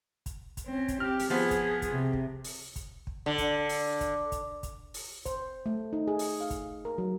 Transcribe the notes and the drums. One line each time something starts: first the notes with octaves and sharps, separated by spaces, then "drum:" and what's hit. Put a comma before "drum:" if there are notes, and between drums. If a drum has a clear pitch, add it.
drum: kick, hi-hat
drum: kick, hi-hat
C4 C#4
drum: kick, hi-hat
G4 F6
drum: open hi-hat
F3 B3 G#4
drum: kick, hi-hat
drum: kick, hi-hat
C3
drum: kick
drum: open hi-hat
drum: kick, hi-hat
drum: kick
D3
drum: kick, hi-hat
drum: open hi-hat
drum: kick, hi-hat
drum: kick, hi-hat
drum: kick, hi-hat
drum: open hi-hat
C5, drum: kick, hi-hat
A3
D#4
G#4
drum: open hi-hat
F5
drum: kick, hi-hat
A#4
F#3